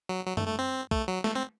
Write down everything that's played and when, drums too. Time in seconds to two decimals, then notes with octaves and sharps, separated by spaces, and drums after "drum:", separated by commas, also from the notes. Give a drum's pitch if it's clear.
0.09 F#3
0.26 F#3
0.37 A3, drum: tom F#2
0.48 A3
0.59 C4
0.91 A3, drum: kick B1
1.08 F#3
1.24 A3, drum: snare
1.35 C4